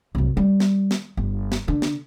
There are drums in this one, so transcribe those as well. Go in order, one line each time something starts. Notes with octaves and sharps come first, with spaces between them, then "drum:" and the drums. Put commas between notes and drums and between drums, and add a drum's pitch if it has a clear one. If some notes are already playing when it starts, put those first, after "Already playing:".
C2 F#2
G3
drum: snare
drum: snare
G1
drum: snare
D3
drum: snare